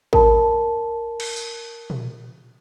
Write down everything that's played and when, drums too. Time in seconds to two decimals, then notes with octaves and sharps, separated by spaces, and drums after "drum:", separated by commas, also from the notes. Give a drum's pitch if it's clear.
0.13 A#4 A5 B5, drum: kick G#1
1.20 drum: cymbal
1.36 drum: tambourine
1.90 drum: tom A#2